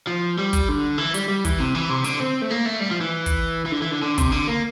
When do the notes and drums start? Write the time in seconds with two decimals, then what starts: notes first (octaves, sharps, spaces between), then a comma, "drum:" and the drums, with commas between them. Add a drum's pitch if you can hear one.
0.07 F3
0.38 G3
0.53 drum: kick, hi-hat
0.69 D3
0.98 E3
1.14 G3, drum: hi-hat
1.28 G3
1.45 E3, drum: kick, hi-hat
1.60 C3
1.75 E3
1.89 C3
2.04 D3, drum: hi-hat
2.20 C4
2.42 A3
2.50 A#3
2.65 A3
2.80 G3
2.91 F3
3.01 E3
3.26 drum: kick, hi-hat
3.66 E3
3.72 D3
3.82 E3
3.91 D3
4.03 D3
4.18 C3, drum: kick, hi-hat
4.32 D3
4.47 A#3